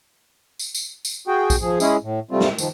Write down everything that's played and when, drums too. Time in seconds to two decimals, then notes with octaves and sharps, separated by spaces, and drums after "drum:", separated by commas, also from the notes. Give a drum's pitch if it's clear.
0.59 drum: tambourine
0.75 drum: tambourine
1.05 drum: tambourine
1.27 F#4 G#4 G5
1.50 drum: kick A#1, tambourine
1.61 F3 G#4
1.80 G#3 C#4 E4 G#4, drum: tambourine
2.02 A2
2.31 C3 G3 A3 C4 F4
2.40 drum: snare
2.58 D#3 F3, drum: tambourine